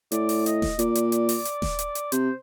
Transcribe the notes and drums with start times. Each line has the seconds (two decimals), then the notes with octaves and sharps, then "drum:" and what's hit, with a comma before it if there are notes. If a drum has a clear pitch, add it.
0.12 A2 D5, drum: hi-hat
0.29 drum: open hi-hat
0.46 D#5, drum: hi-hat
0.62 drum: snare D#1
0.79 A#2 D5, drum: hi-hat
0.95 drum: hi-hat
1.12 drum: hi-hat
1.29 drum: open hi-hat
1.45 drum: hi-hat
1.62 drum: snare D#1
1.79 drum: hi-hat
1.95 drum: hi-hat
2.12 C3 C5, drum: hi-hat